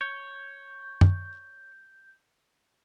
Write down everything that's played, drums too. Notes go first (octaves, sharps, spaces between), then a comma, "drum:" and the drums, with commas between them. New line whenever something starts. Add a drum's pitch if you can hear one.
C#5 G6
drum: tom F#2